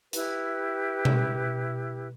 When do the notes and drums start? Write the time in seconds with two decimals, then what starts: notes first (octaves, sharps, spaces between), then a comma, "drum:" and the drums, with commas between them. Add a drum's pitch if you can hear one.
0.13 E4 G4 B4, drum: hi-hat
1.05 drum: tom B2